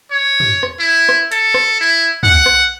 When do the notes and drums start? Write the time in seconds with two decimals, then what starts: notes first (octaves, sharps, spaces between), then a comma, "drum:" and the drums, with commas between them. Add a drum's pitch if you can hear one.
0.11 C#5
0.40 drum: tom
0.63 drum: rim click
0.80 E4
1.09 drum: rim click
1.32 A4, drum: hi-hat
1.54 drum: rim click
1.81 E4
2.23 F#5, drum: tom
2.46 drum: rim click